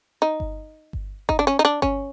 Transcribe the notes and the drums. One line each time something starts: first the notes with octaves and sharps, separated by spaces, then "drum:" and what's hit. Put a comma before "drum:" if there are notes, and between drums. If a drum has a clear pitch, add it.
D#4
drum: kick G1
drum: kick G1
D#4, drum: kick G1
D4
C#4
D#4
D4
C#4, drum: kick G1